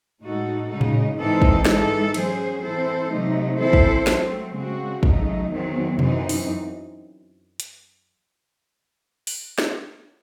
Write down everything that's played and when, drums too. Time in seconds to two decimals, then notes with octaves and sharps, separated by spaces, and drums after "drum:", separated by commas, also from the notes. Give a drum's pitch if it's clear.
0.21 A2 G#3 D#4 F#4 A4
0.69 C#3 G#3 D#4
0.81 drum: tom A2
1.17 G#2 E3 C4 D#4 A4
1.42 drum: kick
1.65 G#2 E3 G#3 D#4 A4, drum: snare
2.14 F#3 C#4 G#4 C5, drum: cymbal
2.62 E3 C4 E4 A4 C5
3.10 C3 F#3 A3 D#4
3.59 E3 C4 E4 A4 C5
3.73 drum: kick
4.07 F#3 A3 C4, drum: snare
4.55 C#3 G#3 C4 F#4
5.03 C#3 F#3 A3 D#4, drum: kick
5.50 E2 D#3 F#3 C4
5.99 F#2 E3 C4 D#4, drum: tom B2
6.29 drum: open hi-hat
7.60 drum: hi-hat
9.27 drum: open hi-hat
9.58 drum: snare